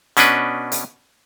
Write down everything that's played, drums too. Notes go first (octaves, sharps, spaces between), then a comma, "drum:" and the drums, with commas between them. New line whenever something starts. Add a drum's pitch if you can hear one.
B2 C#4 D4 B4, drum: hi-hat
drum: hi-hat